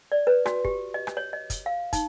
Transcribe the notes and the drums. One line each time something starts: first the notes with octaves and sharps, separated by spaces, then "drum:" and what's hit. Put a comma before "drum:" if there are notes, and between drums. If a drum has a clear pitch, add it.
D5
B4
F#4, drum: rim click
G4, drum: kick
D#5
drum: rim click
C#5
D#5
drum: kick, hi-hat
F5
D#4, drum: kick, hi-hat